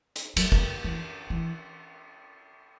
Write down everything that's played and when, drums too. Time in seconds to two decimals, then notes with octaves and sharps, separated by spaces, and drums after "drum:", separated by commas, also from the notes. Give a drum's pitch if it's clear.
0.16 drum: hi-hat
0.36 F#3, drum: cymbal
0.52 F3, drum: kick
0.84 E3
1.30 E3